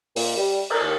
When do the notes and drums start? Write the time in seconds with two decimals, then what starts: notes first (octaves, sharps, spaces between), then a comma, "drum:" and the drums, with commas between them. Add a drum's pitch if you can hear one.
0.16 A#2, drum: open hi-hat
0.37 G3
0.70 A#4, drum: cymbal
0.82 D#2